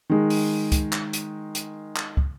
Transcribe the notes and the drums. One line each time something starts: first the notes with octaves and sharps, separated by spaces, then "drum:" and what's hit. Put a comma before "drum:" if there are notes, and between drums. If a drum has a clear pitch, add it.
D#3 G#3
drum: open hi-hat
drum: kick, hi-hat
drum: clap
drum: hi-hat
drum: hi-hat
drum: clap
drum: kick